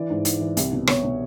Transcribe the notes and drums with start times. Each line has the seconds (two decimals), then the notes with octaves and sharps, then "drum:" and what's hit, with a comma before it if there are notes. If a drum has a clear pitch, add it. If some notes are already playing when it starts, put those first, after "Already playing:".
Already playing: E3 D5
0.10 G#2
0.25 G#2, drum: hi-hat
0.40 E3
0.57 C2, drum: hi-hat
0.72 B2
0.87 B2 C#5, drum: rim click
1.04 B2